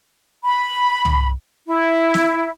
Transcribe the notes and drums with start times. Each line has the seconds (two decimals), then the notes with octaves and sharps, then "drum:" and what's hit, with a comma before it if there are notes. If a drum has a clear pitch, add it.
0.45 B5
1.05 drum: tom
1.67 E4
2.14 drum: snare